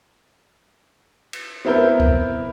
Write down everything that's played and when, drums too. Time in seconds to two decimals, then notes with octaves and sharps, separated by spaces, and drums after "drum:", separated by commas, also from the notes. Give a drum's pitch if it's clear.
1.33 drum: cymbal
1.65 B3 C4 E4 A#4 G6
2.00 drum: kick C#2